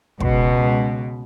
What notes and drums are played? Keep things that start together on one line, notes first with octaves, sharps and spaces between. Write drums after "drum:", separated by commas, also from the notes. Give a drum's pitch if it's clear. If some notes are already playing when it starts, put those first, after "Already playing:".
C#2 B2, drum: kick